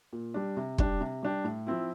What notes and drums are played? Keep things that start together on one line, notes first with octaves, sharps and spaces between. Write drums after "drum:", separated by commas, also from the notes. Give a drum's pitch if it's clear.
A#2
G3 D4
C3
G3 D4 G4, drum: kick
C3
G3 D4 G4
A2
F3 C4 E4